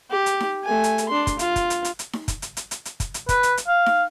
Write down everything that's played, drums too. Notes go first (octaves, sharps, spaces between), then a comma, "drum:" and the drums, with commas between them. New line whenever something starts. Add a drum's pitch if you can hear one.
G4
drum: hi-hat
drum: snare D#4
A3 G#5
drum: hi-hat
drum: hi-hat
D4 C6
drum: kick, hi-hat
F4, drum: hi-hat
drum: kick, hi-hat
drum: hi-hat
drum: hi-hat
drum: hi-hat
drum: snare D#4
drum: kick, hi-hat
drum: hi-hat
drum: hi-hat
drum: hi-hat
drum: hi-hat
drum: kick, hi-hat
drum: hi-hat
B4, drum: kick, hi-hat
drum: hi-hat
drum: hi-hat
F5
drum: snare D#4